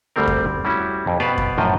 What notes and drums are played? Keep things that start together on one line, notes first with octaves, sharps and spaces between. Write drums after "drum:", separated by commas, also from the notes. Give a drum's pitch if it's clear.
D2 G3 A3 C4 A#4
drum: kick F2
G3 C#4 E4 F#4
F2
B2 B3 B4 C5 D5 F5
drum: kick F2
F#2 A2 F3 D#5 G5